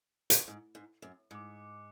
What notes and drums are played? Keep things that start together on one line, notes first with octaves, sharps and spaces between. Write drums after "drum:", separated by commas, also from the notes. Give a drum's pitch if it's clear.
drum: hi-hat
G#2
G#2
F#2
G#2 D6 F#6 C#7